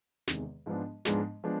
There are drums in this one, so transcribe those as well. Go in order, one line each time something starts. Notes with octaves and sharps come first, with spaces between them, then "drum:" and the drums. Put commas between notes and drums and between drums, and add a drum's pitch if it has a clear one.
E2 C3 D#3 G#3, drum: snare
G#2 F3 G#3 B3 D4
G#2 F3 G#3 B3 D4, drum: snare
F3 G#3 B3 D4